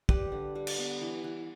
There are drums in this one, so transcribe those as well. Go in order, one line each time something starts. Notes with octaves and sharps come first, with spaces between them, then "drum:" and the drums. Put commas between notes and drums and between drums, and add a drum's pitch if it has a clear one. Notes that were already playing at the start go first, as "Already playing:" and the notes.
G3 G4 B4, drum: kick
D3
G3
drum: cymbal
B3
E3
E3